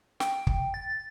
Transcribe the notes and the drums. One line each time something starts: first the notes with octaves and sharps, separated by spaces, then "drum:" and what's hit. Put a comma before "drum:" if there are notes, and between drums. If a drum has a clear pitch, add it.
G5, drum: snare
drum: kick
A6